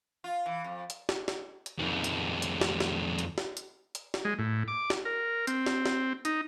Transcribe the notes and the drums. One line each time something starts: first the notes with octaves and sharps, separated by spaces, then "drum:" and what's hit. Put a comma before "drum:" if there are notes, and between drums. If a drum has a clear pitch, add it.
F4
E3
F2
drum: hi-hat
drum: snare
drum: snare
drum: hi-hat
F2 D#3
drum: hi-hat
drum: hi-hat
drum: snare
drum: snare
drum: hi-hat
drum: snare
drum: hi-hat
drum: hi-hat
drum: snare
G#3
A2
D6
drum: snare
A#4
C4, drum: hi-hat
drum: snare
drum: snare
D#4, drum: hi-hat